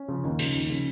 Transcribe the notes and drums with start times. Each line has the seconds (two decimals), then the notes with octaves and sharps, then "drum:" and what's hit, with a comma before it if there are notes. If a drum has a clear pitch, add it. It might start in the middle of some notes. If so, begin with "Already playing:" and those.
Already playing: C#4
0.08 C#3 F3
0.24 D#2 D#4
0.39 C#3 F3, drum: cymbal
0.54 D#2
0.69 C#3 F3